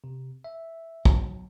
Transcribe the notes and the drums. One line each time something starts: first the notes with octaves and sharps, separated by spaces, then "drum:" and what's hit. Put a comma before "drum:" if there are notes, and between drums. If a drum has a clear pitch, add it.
C3
E5
F#3, drum: kick